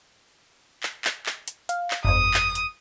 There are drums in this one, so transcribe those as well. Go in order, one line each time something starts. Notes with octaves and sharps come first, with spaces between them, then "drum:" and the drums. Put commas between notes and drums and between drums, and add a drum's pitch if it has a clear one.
drum: clap
drum: clap
drum: clap
drum: hi-hat
F5, drum: hi-hat
drum: clap
G1 F2 D#6
drum: clap
drum: hi-hat